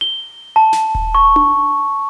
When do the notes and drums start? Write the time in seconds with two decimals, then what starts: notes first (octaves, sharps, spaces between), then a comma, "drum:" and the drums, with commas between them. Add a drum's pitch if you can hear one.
0.01 G7
0.56 A5
0.73 drum: snare
0.95 drum: kick D#1
1.15 C#6
1.36 drum: tom D4